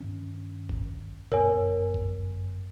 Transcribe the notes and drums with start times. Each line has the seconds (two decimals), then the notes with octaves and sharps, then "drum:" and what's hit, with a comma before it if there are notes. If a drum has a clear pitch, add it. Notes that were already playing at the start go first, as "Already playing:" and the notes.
0.01 G2 D#3 C#4
0.69 drum: kick F#1
1.32 G1 F#2 B3 A#4 C#5 G#5, drum: tom A#2
1.94 drum: kick F#1